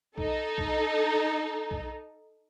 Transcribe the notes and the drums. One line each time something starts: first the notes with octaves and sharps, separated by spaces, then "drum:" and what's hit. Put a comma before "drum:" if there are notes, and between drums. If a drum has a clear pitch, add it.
D#4 A4, drum: kick B1
drum: kick B1
drum: kick B1